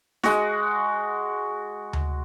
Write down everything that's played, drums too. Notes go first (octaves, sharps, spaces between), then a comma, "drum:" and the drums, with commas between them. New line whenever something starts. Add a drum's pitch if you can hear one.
G#3 F#4, drum: snare D#4
drum: tom D2